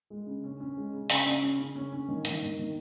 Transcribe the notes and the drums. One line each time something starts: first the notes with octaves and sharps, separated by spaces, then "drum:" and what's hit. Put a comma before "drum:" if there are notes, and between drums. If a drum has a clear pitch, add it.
G#3
C#3
C#4
C#4
G#3
C#3
C#3, drum: open hi-hat
C#4
C#3
C#3
C#4
C#4
D#3
D#3, drum: hi-hat
D#3
D#3